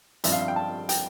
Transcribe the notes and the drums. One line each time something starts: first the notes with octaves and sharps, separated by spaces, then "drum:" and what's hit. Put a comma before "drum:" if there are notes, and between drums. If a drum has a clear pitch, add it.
G2 F3 C4 E5, drum: hi-hat
F5
E5
G5
A5
G5, drum: hi-hat